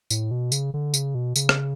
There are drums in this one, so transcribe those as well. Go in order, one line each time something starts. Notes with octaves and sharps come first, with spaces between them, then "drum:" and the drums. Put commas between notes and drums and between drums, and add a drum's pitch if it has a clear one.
A2, drum: tambourine
B2
C#3, drum: tambourine
D3
C#3, drum: tambourine
B2
C#3, drum: tambourine
drum: rim click